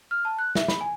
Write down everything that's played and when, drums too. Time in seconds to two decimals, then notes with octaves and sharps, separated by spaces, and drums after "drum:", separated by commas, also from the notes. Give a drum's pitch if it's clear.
0.11 F6
0.25 A5
0.39 F#6
0.55 E5, drum: snare
0.68 B5, drum: snare
0.81 G#5